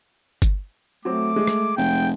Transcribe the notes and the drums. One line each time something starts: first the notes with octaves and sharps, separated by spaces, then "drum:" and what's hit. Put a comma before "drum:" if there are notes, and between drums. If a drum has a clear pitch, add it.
drum: kick G1, hi-hat
F#3 A3 C4 D6
G#3
drum: rim click
F1 G5